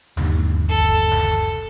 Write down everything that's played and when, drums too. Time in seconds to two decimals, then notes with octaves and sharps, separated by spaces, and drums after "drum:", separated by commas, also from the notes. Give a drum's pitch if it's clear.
0.17 G1 D#2, drum: snare
0.69 A4
0.80 drum: kick
1.11 drum: snare